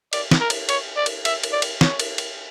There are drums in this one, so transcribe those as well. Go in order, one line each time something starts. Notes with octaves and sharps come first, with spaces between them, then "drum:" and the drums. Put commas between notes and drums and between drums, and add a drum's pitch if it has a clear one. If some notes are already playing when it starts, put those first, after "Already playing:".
D5, drum: cymbal
drum: snare
A#4
drum: cymbal
C#5, drum: cymbal
D5
drum: cymbal
E5, drum: cymbal
drum: cymbal
D5
drum: cymbal
C#5, drum: snare
drum: cymbal
drum: cymbal